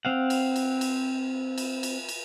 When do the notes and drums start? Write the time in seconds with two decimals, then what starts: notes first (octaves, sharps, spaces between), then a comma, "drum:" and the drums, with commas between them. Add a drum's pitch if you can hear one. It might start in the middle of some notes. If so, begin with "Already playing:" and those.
0.05 C4 F5 F#5
0.30 drum: cymbal
0.56 drum: cymbal
0.81 drum: cymbal
1.58 drum: cymbal
1.83 drum: cymbal
2.09 drum: cymbal